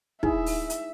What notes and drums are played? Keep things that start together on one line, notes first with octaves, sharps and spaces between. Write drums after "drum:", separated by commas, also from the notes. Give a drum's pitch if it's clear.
D#4 E4 G#4 E5, drum: kick
drum: open hi-hat
drum: hi-hat